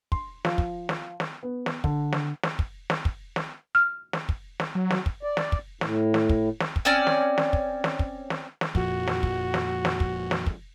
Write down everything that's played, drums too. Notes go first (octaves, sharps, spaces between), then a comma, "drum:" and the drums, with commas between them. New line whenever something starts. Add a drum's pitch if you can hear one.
C6, drum: kick
F3, drum: snare
drum: kick
drum: snare
drum: snare
B3
drum: snare
D3, drum: kick
drum: snare
drum: snare
drum: kick
drum: snare
drum: kick
drum: snare
F6
drum: snare
drum: kick
drum: snare
F#3
drum: snare
drum: kick
D5
drum: snare
drum: kick
A2, drum: snare
drum: snare
drum: kick
drum: snare
drum: kick
C4 C#4 D5
drum: snare
drum: snare
drum: kick
drum: snare
drum: kick
drum: snare
drum: snare
F2 A#2 F3 F#4, drum: kick
drum: snare
drum: kick
drum: snare
drum: snare
drum: kick
drum: snare
drum: kick